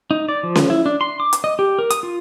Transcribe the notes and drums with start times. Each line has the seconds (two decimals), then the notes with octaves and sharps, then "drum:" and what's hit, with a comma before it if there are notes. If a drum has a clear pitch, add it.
0.11 D#4
0.29 D5
0.43 F3
0.55 drum: snare C#4
0.70 E4
0.86 D4
1.01 C6
1.20 D6
1.33 drum: hi-hat
1.44 D#5
1.59 G4
1.79 A#4
1.90 D#6, drum: hi-hat
2.03 F4